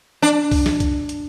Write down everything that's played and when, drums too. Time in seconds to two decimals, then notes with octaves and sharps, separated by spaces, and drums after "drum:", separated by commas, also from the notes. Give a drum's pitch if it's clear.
0.22 D4
0.51 drum: kick C2, open hi-hat
0.66 drum: snare
0.80 drum: kick C2, hi-hat
1.09 drum: hi-hat